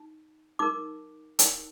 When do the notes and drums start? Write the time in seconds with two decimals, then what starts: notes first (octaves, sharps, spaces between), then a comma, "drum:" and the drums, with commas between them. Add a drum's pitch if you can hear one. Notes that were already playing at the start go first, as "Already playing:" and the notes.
Already playing: D#4
0.59 D#4 A#4 D6
1.39 D#4 A#4, drum: hi-hat